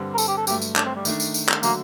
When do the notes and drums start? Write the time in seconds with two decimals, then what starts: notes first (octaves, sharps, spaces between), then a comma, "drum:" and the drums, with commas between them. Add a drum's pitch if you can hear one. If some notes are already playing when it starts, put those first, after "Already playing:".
Already playing: G2 D3 G3 C4
0.14 A#4
0.18 A4, drum: tambourine
0.28 G4
0.37 A4
0.47 G2 F#3 A3 G4, drum: tambourine
0.62 drum: tambourine
0.76 D4, drum: clap
0.86 C4
0.95 G3
1.05 D#3 A3 D4, drum: tambourine
1.20 drum: tambourine
1.34 drum: tambourine
1.49 drum: clap
1.63 D3 F#3 A3 A#3, drum: tambourine